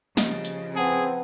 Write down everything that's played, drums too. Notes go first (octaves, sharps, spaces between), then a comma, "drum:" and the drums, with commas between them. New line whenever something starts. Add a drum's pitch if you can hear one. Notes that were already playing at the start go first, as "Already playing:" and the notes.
C#3 F3 G4 D#5, drum: snare
drum: hi-hat
C4 G#4 B4 F#5 A5